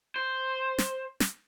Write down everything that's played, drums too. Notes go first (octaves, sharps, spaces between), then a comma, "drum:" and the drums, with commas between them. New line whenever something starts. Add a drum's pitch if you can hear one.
C5
drum: snare
drum: snare